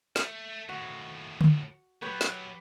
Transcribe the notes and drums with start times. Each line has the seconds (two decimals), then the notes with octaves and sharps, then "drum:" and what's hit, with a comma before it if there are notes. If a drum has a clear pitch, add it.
0.16 A3, drum: snare
0.69 D#2 A2 F#4
1.41 drum: tom D3
2.02 F#3 B3 G4 B4 C#5
2.21 drum: snare